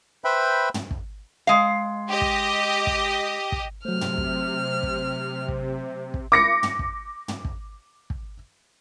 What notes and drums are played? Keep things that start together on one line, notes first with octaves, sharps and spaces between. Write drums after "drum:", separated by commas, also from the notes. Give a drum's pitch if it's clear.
B4 C5 E5 G5 B5
drum: tom
drum: kick
G#3 F5
G4 D#5
drum: kick
drum: kick
drum: kick
C3 F#3 A3 C5 F6
drum: tom
drum: kick
drum: kick
drum: kick
drum: kick
D6 A#6 C#7
drum: tom
drum: kick
drum: tom
drum: kick
drum: kick